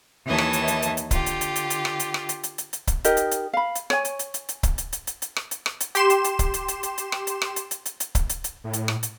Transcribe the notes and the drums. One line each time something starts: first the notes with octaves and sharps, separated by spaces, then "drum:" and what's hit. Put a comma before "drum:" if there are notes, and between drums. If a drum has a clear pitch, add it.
D#2 E3 E4 C#5 D#5 A5
drum: rim click
drum: hi-hat
drum: hi-hat
drum: hi-hat
drum: hi-hat
D3 F4 G4, drum: kick C#1, hi-hat
drum: hi-hat
drum: hi-hat
drum: hi-hat
drum: hi-hat
drum: rim click
drum: hi-hat
drum: rim click
drum: hi-hat
drum: hi-hat
drum: hi-hat
drum: hi-hat
drum: kick C#1, hi-hat
D#4 G4 A#4 D#5, drum: hi-hat
drum: hi-hat
drum: hi-hat
F5 B5
drum: hi-hat
C#5 G#5, drum: rim click
drum: hi-hat
drum: hi-hat
drum: hi-hat
drum: hi-hat
drum: kick C#1, hi-hat
drum: hi-hat
drum: hi-hat
drum: hi-hat
drum: hi-hat
drum: rim click
drum: hi-hat
drum: rim click
drum: hi-hat
G4 C6 E7, drum: hi-hat
drum: hi-hat
drum: hi-hat
drum: kick C#1, hi-hat
drum: hi-hat
drum: hi-hat
drum: hi-hat
drum: hi-hat
drum: rim click
drum: hi-hat
drum: rim click
drum: hi-hat
drum: hi-hat
drum: hi-hat
drum: hi-hat
drum: kick C#1, hi-hat
drum: hi-hat
drum: hi-hat
A2
drum: hi-hat
drum: rim click
drum: hi-hat